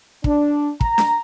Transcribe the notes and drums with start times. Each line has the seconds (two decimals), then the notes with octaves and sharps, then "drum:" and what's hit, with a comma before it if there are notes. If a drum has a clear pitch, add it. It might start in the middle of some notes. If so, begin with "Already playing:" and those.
0.24 D4, drum: kick
0.81 A#5, drum: kick
0.98 drum: snare D4